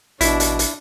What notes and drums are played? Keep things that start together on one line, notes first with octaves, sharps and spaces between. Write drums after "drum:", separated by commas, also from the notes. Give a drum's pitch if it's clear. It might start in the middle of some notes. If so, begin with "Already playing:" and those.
A1 B2 D4 E4, drum: hi-hat
drum: hi-hat
drum: hi-hat